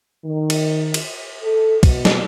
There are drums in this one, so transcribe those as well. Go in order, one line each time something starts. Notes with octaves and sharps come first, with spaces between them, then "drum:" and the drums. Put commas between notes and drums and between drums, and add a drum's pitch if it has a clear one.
D#3
drum: cymbal
drum: cymbal
A4
B2, drum: kick, cymbal
drum: snare